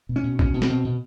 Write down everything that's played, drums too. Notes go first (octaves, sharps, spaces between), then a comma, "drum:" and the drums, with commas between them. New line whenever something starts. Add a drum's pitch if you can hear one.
B2
C#4
B2
B2 C#4, drum: kick G#1
B2
C4, drum: snare
B2
B2